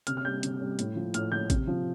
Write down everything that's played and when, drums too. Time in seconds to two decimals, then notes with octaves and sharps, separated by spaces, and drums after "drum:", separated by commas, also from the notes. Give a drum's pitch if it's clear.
0.07 C3 F6, drum: hi-hat
0.17 F6
0.24 G3 G6
0.43 C3, drum: hi-hat
0.61 G3
0.79 A2, drum: hi-hat
0.96 F3
1.14 A2 F6, drum: hi-hat
1.32 F3 G6
1.50 C3, drum: kick, hi-hat
1.67 F3